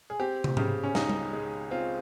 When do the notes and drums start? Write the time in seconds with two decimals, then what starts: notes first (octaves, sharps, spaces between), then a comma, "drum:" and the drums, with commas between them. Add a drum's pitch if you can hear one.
0.10 G#4
0.20 C4 G4
0.44 drum: tom
0.57 C#3 G4, drum: tom G#2
0.83 C#4
0.95 C#2 D#4, drum: snare
1.09 drum: tom G3
1.33 G#3
1.71 C4 F4